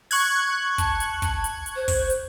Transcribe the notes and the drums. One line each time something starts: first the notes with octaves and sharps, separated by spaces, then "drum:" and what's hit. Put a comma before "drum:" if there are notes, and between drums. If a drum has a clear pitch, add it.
C#6 F#6 G#6, drum: open hi-hat
A5, drum: kick, hi-hat
drum: hi-hat
drum: kick, hi-hat
drum: hi-hat
drum: hi-hat
C5
drum: kick, open hi-hat
drum: hi-hat